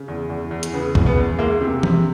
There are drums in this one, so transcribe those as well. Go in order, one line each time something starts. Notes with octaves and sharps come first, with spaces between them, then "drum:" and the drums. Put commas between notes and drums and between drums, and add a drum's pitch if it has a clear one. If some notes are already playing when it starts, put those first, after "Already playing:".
Already playing: C#3
E2
E2
E2
drum: hi-hat
C#3 B3
E2, drum: kick
B3
E2
G#3 A#3
C3
C3, drum: tom E3